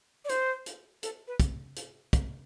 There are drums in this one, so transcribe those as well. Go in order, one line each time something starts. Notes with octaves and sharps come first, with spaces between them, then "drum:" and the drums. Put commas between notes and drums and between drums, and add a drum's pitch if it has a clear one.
D5
C5, drum: hi-hat
drum: hi-hat
A4, drum: hi-hat
B4
drum: kick, hi-hat
drum: hi-hat
drum: kick, hi-hat